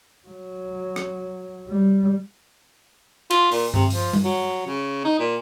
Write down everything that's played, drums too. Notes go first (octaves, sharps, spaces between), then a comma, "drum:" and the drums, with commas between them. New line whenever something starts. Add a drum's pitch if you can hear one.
F#3
drum: rim click
G3
F4, drum: cymbal
A#2, drum: open hi-hat
C3, drum: tom G2
F3, drum: open hi-hat
drum: tom G3
F#3
C#3
D#4
A#2